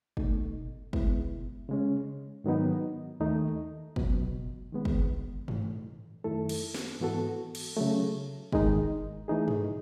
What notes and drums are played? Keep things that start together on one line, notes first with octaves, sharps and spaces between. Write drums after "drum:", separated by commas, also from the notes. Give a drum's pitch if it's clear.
B2 A3 D#4, drum: kick
B2 G#3 B3 E4, drum: kick
C#3 G#3 C#4
G#2 D#3 F#3 B3 D#4
D#2 D#3 A3 D#4
C#2 B2 F#3, drum: kick
D#3 G#3 B3
drum: kick
A2 E3 A3, drum: tom G2
F#2 D#3 A3 E4 A4
drum: cymbal
drum: snare
G#2 E3 B3 F#4 A4
drum: cymbal
C#3 F#3 A3
G#2 D#3 G#3 D#4, drum: kick
E3 A3 D#4 G#4
drum: tom G2